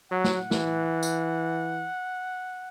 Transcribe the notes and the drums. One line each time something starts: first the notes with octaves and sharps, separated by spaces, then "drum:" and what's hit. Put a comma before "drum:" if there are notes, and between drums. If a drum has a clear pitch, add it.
F#3 F#5
drum: snare
E3, drum: snare
drum: tambourine